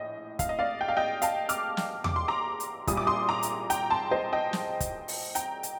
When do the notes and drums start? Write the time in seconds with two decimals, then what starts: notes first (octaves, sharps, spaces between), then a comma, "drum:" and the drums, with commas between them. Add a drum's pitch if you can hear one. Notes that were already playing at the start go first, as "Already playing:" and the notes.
Already playing: A#1 A2 D#5
0.39 F5, drum: kick, hi-hat
0.49 D#5
0.59 D5 F5
0.81 G5
0.88 F5
0.97 D#5 G5
1.22 F5 A5, drum: hi-hat
1.49 D6 F6, drum: hi-hat
1.77 drum: snare
2.04 D6, drum: tom E2
2.16 C6
2.28 A#5 D6
2.60 drum: hi-hat
2.87 A#1 A#2 G3 D#6, drum: kick, hi-hat
2.97 D6
3.07 C6 D#6
3.29 A#5 D6
3.43 drum: hi-hat
3.70 G5 A#5, drum: hi-hat
3.90 A5 C6
4.11 C5 D#5
4.33 D#5 G5
4.53 drum: snare
4.80 drum: kick, hi-hat
5.08 drum: open hi-hat
5.35 G5 A#5, drum: hi-hat
5.63 drum: hi-hat